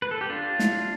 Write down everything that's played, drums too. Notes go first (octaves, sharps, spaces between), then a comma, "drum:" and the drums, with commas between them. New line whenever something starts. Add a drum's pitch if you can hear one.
B4
A4
G4
D4 F4
drum: snare